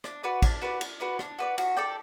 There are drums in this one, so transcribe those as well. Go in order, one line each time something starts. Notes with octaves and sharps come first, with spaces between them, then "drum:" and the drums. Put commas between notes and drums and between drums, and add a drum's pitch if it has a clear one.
D4, drum: rim click
F#4 B4 D5
D4, drum: kick, cymbal
F#4 B4 D5
D4, drum: cymbal
F#4 B4 D5
D4, drum: rim click
F#4 B4 D5
F#4, drum: cymbal
A4 D5 G5